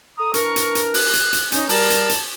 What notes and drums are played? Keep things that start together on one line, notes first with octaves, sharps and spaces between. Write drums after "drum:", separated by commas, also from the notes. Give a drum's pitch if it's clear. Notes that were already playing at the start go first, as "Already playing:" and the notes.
A4 A#5 D#6
E3 D4 A#4 C#6, drum: hi-hat
drum: hi-hat
drum: hi-hat
F#6, drum: open hi-hat
drum: hi-hat
drum: hi-hat
C#4 D#4, drum: hi-hat
G3 A#4 A5, drum: open hi-hat
drum: hi-hat
drum: hi-hat